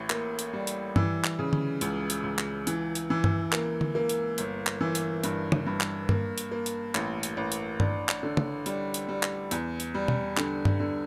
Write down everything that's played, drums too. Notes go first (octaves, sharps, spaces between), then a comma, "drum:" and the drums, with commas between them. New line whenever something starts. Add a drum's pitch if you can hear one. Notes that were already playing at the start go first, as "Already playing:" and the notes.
Already playing: A1 A2
A#3, drum: clap
drum: hi-hat
G3
drum: hi-hat
E3, drum: tom G2
drum: clap
C#3
drum: tom D3
C#2, drum: hi-hat
drum: hi-hat
C#2
drum: clap
E3, drum: hi-hat
drum: hi-hat
E3
drum: tom G2
A#3, drum: clap
drum: tom D3
A#3
drum: hi-hat
G1, drum: hi-hat
drum: clap
E3
drum: hi-hat
G2, drum: hi-hat
drum: tom
G2
drum: clap
A#3, drum: tom G2
drum: hi-hat
A#3
drum: hi-hat
A1, drum: clap
drum: hi-hat
A1
drum: hi-hat
D4, drum: tom G2
drum: clap
D3
drum: tom
G3, drum: hi-hat
drum: hi-hat
G3
drum: clap
E2, drum: hi-hat
drum: hi-hat
G3
drum: tom
D3, drum: clap
drum: tom G2
D3